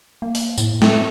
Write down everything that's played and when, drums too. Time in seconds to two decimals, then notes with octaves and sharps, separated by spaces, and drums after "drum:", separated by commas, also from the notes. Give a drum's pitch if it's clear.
0.22 A#3
0.35 drum: open hi-hat
0.58 A2, drum: tambourine
0.82 A3 C4, drum: snare